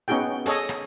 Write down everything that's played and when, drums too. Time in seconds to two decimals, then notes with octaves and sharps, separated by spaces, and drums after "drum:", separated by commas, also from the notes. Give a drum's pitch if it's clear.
0.08 B3 C#4 D#4 F#4 G#4 G5
0.46 G#4 A4 C#5 D#5, drum: hi-hat
0.69 drum: rim click